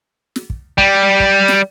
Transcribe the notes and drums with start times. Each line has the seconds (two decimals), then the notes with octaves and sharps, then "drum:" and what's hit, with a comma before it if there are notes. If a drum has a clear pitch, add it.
0.36 drum: snare
0.50 drum: kick
0.78 G3, drum: kick
1.20 drum: kick
1.48 drum: snare